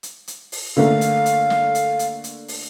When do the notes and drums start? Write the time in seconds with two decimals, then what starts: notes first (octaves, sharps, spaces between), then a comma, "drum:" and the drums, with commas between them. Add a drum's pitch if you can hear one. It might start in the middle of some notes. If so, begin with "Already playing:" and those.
0.03 drum: hi-hat
0.27 drum: hi-hat
0.52 drum: open hi-hat
0.77 D3 A3 A#3 F5
1.01 drum: hi-hat
1.26 drum: hi-hat
1.50 drum: snare
1.75 drum: hi-hat
1.99 drum: hi-hat
2.24 drum: hi-hat
2.48 drum: open hi-hat